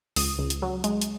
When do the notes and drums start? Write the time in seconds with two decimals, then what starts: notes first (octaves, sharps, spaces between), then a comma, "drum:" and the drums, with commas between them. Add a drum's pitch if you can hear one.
0.16 C#2 D#6, drum: open hi-hat
0.39 C#2
0.50 drum: hi-hat
0.62 F#3
0.84 G#3, drum: hi-hat
1.02 drum: hi-hat